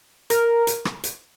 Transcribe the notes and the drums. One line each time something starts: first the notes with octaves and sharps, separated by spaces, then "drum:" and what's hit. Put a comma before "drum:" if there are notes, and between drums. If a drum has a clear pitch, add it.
A#4, drum: hi-hat
drum: hi-hat
drum: rim click
drum: hi-hat